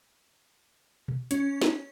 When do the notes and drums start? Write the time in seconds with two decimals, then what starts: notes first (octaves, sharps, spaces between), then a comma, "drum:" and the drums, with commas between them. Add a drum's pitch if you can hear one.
1.08 drum: tom B2
1.31 C#4, drum: hi-hat
1.62 drum: snare